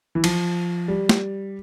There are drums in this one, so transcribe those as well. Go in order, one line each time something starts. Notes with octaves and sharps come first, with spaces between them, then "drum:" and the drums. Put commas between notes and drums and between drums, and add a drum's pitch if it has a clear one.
E3
F3, drum: cymbal
G3
drum: snare